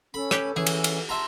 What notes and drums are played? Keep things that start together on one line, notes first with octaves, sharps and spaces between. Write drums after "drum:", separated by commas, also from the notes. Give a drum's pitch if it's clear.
C#4 A4 B5
G4 B4 C#5, drum: rim click
E3 C#4 G#4
drum: cymbal
drum: cymbal
E5 A5 A#5 C6